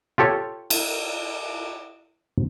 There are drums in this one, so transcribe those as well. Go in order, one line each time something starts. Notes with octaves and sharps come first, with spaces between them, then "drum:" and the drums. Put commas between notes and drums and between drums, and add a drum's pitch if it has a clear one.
F4 G4 A4 C#5
drum: cymbal